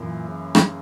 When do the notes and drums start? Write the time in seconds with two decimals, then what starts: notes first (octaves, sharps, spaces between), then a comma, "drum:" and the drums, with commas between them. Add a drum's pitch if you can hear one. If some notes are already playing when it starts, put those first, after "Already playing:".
Already playing: F#2 A#2 E3 A#3
0.27 C#3
0.55 drum: rim click